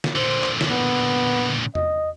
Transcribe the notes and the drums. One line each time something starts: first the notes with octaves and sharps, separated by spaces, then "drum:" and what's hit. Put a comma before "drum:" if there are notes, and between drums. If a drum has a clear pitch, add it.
drum: snare
A#2 D3 C5
drum: clap
drum: snare
B3
D#5, drum: tom E2